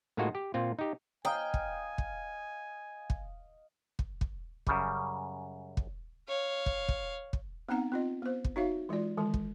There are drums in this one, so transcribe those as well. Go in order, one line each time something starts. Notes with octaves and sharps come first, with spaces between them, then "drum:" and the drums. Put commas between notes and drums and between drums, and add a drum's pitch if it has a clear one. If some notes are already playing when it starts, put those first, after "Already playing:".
A2 G#3 A#3 D#4 F4 F#4
G4
A#2 C4 F4
D#4 G4
C#5 D#5 F5 G5 G#5 A#5 D#6
drum: kick
drum: kick
drum: kick
drum: kick
drum: kick
F#2 C#3 G3, drum: kick
drum: kick
C#5 F5
drum: kick
drum: kick
drum: kick
B3 C4 D#4 F#5 A#5
C4 F4 D#5
B3 C5
drum: kick
D#4 F#4 C#5 E5 F5
E3 G#3 F4 D5
D#3 E3 G#3
drum: kick